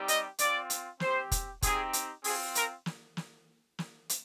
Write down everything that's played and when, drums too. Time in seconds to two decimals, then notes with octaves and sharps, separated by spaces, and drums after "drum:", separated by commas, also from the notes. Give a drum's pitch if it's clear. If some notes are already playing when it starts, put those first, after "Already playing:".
Already playing: G3 C4 D#4 G4
0.08 D#5, drum: hi-hat
0.39 C4 F4 D5, drum: hi-hat
0.70 drum: hi-hat
1.00 C4 G4 C5, drum: snare
1.32 drum: kick, hi-hat
1.62 C4 D#4 G4 G#4, drum: kick, hi-hat
1.93 drum: hi-hat
2.24 C4 F4 G#4, drum: open hi-hat
2.55 A#4, drum: hi-hat
2.86 drum: snare
3.17 drum: snare
3.79 drum: snare
4.09 drum: hi-hat